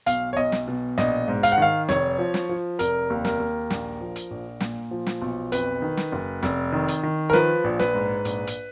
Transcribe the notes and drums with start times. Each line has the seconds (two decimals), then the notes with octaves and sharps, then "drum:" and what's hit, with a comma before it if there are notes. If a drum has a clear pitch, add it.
0.06 B1 F5, drum: hi-hat
0.33 C#5
0.37 B1 D#5
0.52 drum: snare
0.68 B2
0.98 A#1 D#5, drum: snare
1.28 G#2
1.43 F5, drum: hi-hat
1.52 F#5
1.58 D#3 F5
1.89 F1 C#5, drum: snare
2.18 F3
2.34 drum: snare
2.49 F3
2.79 F1 A#4, drum: hi-hat
3.10 D#2
3.25 A#4, drum: snare
3.40 D#2
3.70 A#1, drum: snare
4.01 F3
4.16 drum: hi-hat
4.31 A#1
4.60 A#2, drum: snare
4.91 F3
5.07 drum: snare
5.22 B1
5.52 F2 B4, drum: hi-hat
5.82 D#3
5.97 drum: snare
6.12 F#1
6.43 F1, drum: snare
6.73 D#3
6.88 drum: hi-hat
7.03 D#3
7.30 A#4
7.33 F3 B4, drum: snare
7.64 A#1
7.80 B4, drum: snare
7.95 G#2
8.25 A#1, drum: hi-hat
8.47 drum: hi-hat